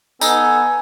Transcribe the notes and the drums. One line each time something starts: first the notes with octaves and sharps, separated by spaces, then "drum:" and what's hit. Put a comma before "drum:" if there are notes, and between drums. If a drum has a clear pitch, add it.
B3 D#4 A4 G#5, drum: tambourine